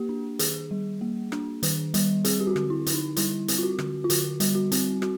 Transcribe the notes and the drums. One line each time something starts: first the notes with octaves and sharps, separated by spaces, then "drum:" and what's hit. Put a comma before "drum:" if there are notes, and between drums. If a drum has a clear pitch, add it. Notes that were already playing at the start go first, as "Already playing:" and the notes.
Already playing: A#3 G4
D4
D#3 G#4, drum: hi-hat
G3
A#3
D4, drum: rim click
D#3, drum: hi-hat
G3, drum: hi-hat
C4 G#4, drum: hi-hat
G4
F#4
D3, drum: rim click
E4
D3, drum: hi-hat
D#4
G3 E4, drum: hi-hat
C4, drum: hi-hat
F4
F#4
D3, drum: rim click
F4
D3 F#4, drum: hi-hat
G3, drum: hi-hat
F#4
C4, drum: hi-hat
F#4, drum: rim click